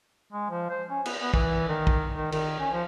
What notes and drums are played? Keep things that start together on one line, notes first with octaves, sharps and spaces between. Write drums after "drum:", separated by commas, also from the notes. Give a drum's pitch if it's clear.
G#3
F3
C5
C#4
B3, drum: cymbal
B3
E3, drum: kick
D#3
drum: kick
D#3
D#3, drum: cymbal
C#4
F3